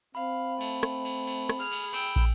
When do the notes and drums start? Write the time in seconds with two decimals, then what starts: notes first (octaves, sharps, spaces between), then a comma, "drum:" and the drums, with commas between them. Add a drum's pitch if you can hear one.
0.15 C4 F5 B5
0.61 A3, drum: cymbal
0.83 drum: rim click
1.05 drum: cymbal
1.27 drum: cymbal
1.49 drum: rim click
1.59 G#4 F6
1.72 drum: cymbal
1.93 G5 E6, drum: cymbal
2.16 drum: kick